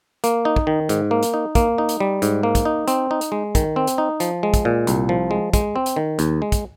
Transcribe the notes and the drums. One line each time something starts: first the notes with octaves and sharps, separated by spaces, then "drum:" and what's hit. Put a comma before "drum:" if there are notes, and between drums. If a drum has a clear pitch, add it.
A#3, drum: hi-hat
D#4
drum: kick
D#3
G#2, drum: hi-hat
A#3
drum: hi-hat
D#4
A#3, drum: kick, hi-hat
D#4
drum: hi-hat
G3
G#2, drum: hi-hat
A#3
drum: kick, hi-hat
D#4
C4, drum: hi-hat
D#4
drum: hi-hat
G#3
D#3, drum: kick, hi-hat
C4
drum: hi-hat
D#4
F3, drum: hi-hat
G#3
drum: kick, hi-hat
A#2
C2, drum: hi-hat
F3
G#3
G#3, drum: kick, hi-hat
C4
drum: hi-hat
D#3
D#2, drum: hi-hat
G#3
drum: kick, hi-hat